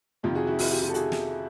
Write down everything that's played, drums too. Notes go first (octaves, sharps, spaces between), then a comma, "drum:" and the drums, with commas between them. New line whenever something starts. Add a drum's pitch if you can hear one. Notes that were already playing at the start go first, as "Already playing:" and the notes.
F2 C3 D#3 F4 G4
F#4 G#4
E4 F#4
E4 F#4, drum: open hi-hat
F4 G4
F4 G4
A4
F#4 G#4, drum: hi-hat
drum: snare